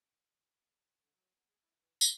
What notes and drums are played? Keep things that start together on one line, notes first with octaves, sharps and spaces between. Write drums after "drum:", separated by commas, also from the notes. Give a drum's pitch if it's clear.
D3
F#3
B3
G#4
E4
E3
E4, drum: tambourine